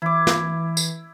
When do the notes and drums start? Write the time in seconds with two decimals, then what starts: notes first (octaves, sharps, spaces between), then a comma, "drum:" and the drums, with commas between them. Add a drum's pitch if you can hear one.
0.02 E3 E4 D6
0.27 drum: snare
0.77 drum: tambourine